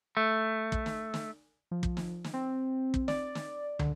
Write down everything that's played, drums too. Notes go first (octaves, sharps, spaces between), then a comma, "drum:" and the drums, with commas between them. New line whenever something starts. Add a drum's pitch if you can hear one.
A3
drum: kick
drum: snare
drum: snare
F3
drum: kick
drum: snare
drum: snare
C4
drum: kick
D5, drum: snare
drum: snare
D3, drum: tom